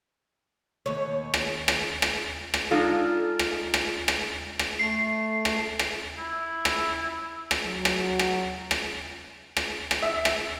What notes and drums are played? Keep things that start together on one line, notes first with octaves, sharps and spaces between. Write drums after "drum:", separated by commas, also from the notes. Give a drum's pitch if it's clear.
D#2 C#5
drum: rim click
drum: rim click
drum: rim click
drum: rim click
G#3 D4 D#4 F4 A4
drum: rim click
drum: rim click
drum: rim click
drum: rim click
A3 C7
drum: rim click
drum: rim click
E4
drum: rim click
drum: rim click
F#3
drum: rim click
drum: rim click
drum: rim click
drum: rim click
drum: rim click
E5
drum: rim click